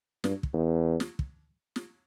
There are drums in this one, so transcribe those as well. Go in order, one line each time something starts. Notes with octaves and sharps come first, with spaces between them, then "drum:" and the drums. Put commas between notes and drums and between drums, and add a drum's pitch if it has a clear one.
G2, drum: snare
drum: kick
E2
drum: snare
drum: kick
drum: snare